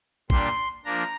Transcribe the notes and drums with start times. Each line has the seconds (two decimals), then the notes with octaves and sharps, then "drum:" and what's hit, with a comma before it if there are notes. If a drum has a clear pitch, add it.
0.30 A#2 G3 D4 C6, drum: kick
0.84 F3 A#3 D4 A#5